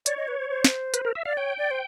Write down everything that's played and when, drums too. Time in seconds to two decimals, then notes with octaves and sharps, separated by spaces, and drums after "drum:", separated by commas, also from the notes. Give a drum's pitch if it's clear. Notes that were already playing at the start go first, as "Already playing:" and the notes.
0.06 C#5 D5, drum: hi-hat
0.17 D#5
0.28 B4
0.39 C5
0.49 C5
0.64 drum: snare
0.94 B4, drum: hi-hat
1.05 A#4
1.15 E5
1.25 D5 F5
1.37 C#5 G5
1.58 D5
1.71 C5